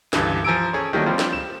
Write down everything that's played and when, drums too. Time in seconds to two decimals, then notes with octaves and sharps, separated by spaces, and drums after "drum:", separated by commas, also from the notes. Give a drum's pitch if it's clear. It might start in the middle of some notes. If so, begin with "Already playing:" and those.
0.13 C#2 G2 D3 E3, drum: snare
0.45 F3 G#5 A#5 E6 D7
0.73 C#4 G#4 A4 C#5
0.93 D#3 F#3 G3 A3 A#3 D#4
1.06 F3 G3 C4 F4 G4
1.19 drum: snare
1.33 E7